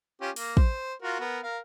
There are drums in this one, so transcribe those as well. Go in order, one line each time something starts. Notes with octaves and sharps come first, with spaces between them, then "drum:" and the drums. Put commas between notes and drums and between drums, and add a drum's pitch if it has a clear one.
C#4 F4 G4
A#3, drum: open hi-hat
C5, drum: kick
F4 F#4 A#4
B3 A#4
A#4 F5